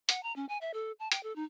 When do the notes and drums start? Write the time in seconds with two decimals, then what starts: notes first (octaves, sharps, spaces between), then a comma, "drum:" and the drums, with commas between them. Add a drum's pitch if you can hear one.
0.09 F#5, drum: hi-hat
0.23 A#5
0.36 C#4
0.49 G#5
0.61 E5
0.74 A4
0.99 A5
1.12 G5, drum: hi-hat
1.23 A4
1.36 D#4